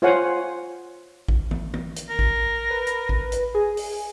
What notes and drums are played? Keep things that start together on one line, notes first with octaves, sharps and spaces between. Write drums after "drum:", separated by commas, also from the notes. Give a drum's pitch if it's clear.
F4 C5 C#5 F5 F#5 G#5
drum: kick A1
drum: tom
drum: tom
drum: hi-hat
A#4
drum: kick A1
B4
drum: hi-hat
drum: kick A1
drum: hi-hat
G#4
drum: open hi-hat